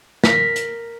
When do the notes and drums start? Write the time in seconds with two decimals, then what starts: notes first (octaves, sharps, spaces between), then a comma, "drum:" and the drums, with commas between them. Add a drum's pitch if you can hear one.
0.24 A#4 B6, drum: snare
0.56 drum: hi-hat